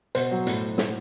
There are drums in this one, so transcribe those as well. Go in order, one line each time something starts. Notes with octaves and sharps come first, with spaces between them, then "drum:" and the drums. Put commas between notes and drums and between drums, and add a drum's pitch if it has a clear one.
B2 C5, drum: hi-hat
F#3
A2, drum: hi-hat
drum: snare